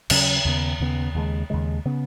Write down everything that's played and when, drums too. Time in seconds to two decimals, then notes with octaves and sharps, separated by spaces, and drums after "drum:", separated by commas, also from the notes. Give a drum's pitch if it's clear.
0.10 D#2 C#3 F#3 C#4, drum: cymbal
0.45 D#2 C#3 B3
0.80 D#2 C#3 B3
1.14 D#2 C#3 G#3
1.50 D#2 C#3 G#3
1.85 C#3 B3